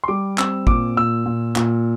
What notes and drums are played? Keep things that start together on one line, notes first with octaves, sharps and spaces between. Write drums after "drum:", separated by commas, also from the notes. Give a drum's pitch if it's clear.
C6
G3 D6
C4 E6, drum: clap
A#2 D6, drum: kick
A#2 E6
A#2
A#2, drum: clap